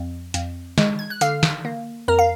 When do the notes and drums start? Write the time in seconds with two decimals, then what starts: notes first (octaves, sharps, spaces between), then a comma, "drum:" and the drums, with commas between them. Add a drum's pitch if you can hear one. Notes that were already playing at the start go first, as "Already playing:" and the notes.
Already playing: F2
0.34 F2, drum: hi-hat
0.78 G#3, drum: snare
0.99 G#6
1.10 F#6
1.21 D3 F5 F6, drum: hi-hat
1.43 drum: snare
1.65 A#3
2.08 F2 A#4 A#5
2.19 F5